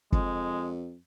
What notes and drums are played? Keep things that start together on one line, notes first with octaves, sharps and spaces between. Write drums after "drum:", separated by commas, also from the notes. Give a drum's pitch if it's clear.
F2 G#3, drum: kick